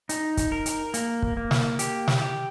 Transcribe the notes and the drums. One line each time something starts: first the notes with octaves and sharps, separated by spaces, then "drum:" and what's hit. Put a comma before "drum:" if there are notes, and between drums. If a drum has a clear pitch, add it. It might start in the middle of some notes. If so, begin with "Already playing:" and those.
D#4, drum: hi-hat
drum: kick, hi-hat
A#4
drum: hi-hat
A#3, drum: hi-hat
drum: kick
A#3
drum: snare
G4, drum: hi-hat
drum: snare
G4